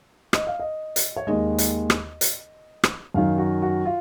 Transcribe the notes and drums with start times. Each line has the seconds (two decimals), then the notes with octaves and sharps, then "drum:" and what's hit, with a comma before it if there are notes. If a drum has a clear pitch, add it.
0.33 D#5, drum: rim click
0.47 F5
0.60 D#5
0.96 drum: hi-hat
1.16 C#5
1.27 D#2 D#3 G#3 D#5
1.58 drum: hi-hat
1.90 drum: rim click
2.21 drum: hi-hat
2.84 drum: rim click
3.14 F#2 D#3 F#3 F5
3.38 F#4
3.62 F#4
3.85 F4